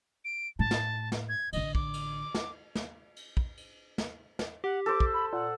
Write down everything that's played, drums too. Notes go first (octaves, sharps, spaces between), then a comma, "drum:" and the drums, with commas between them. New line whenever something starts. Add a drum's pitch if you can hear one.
D7
A2 A5
drum: snare
drum: snare
G#6
A1 D3 D#5, drum: cymbal
D6, drum: kick
drum: cymbal
drum: snare
drum: snare
drum: cymbal
drum: kick
drum: cymbal
drum: snare
drum: snare
G4 F#5
A4 C5 D6
drum: kick
B5
A#2 F#5